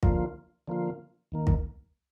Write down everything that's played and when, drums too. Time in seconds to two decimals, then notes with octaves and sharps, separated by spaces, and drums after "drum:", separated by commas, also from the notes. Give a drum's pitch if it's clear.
0.03 D3 F3 A#3 F4, drum: kick
0.68 D3 F3 A#3 F4
1.32 D#2 D#3 A#3
1.47 drum: kick